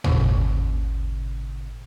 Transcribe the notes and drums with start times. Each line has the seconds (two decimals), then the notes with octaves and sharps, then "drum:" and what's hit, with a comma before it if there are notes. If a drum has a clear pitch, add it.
0.04 G#1 A#2 C#3, drum: tom